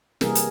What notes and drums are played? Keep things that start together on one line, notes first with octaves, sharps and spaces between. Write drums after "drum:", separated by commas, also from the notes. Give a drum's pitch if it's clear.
C3 E3 G3 A#3 G#4 A#4, drum: snare
drum: hi-hat